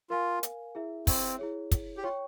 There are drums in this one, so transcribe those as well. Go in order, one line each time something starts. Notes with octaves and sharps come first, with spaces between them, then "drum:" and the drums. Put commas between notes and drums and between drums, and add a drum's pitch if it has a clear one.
F4 A#4 F5 G#5
drum: hi-hat
E4 G#4 E5
C4, drum: kick, open hi-hat
E4 G#4 C#5
drum: kick, hi-hat
G4
F4 C#5 G5 C#6